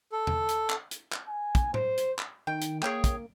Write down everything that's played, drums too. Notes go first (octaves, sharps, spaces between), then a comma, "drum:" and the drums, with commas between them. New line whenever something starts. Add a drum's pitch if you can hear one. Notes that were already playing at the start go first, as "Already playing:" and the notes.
A4
drum: tom E2
drum: hi-hat
drum: clap
drum: hi-hat
drum: clap
G#5
drum: kick, hi-hat
C5, drum: tom A2
drum: hi-hat
drum: clap
D#3 G5
drum: hi-hat
A#3 G#4 C#5 G5, drum: clap
drum: kick, hi-hat